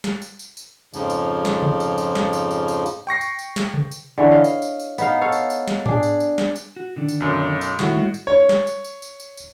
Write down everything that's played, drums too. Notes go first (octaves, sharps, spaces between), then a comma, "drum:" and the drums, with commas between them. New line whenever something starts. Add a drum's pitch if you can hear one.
drum: snare
drum: tambourine
drum: tambourine
drum: tambourine
F2 G#2 C#3 F3, drum: tambourine
drum: tambourine
drum: snare
drum: tom C3
drum: tambourine
drum: tambourine
drum: snare
drum: tambourine
drum: tambourine
drum: tambourine
drum: tambourine
G5 C#6 A#6 C7
drum: tambourine
drum: tambourine
drum: snare
drum: tom C3
drum: tambourine
D3 E3 C#5
D#5 F5
drum: tambourine
drum: tambourine
drum: tambourine
B3 D#4 F5, drum: tambourine
A4 C#5 F5
drum: tambourine
drum: tambourine
drum: snare
D4 G#4, drum: tom G#2
drum: tambourine
drum: tambourine
drum: snare
drum: tambourine
F#4
D3 D#3 D4
drum: tambourine
B1 F#2
drum: tambourine
A2 D#3 F#4 G#4, drum: snare
drum: tom G3
drum: tambourine
C#5
drum: snare
drum: tambourine
drum: tambourine
drum: tambourine
drum: tambourine
drum: tambourine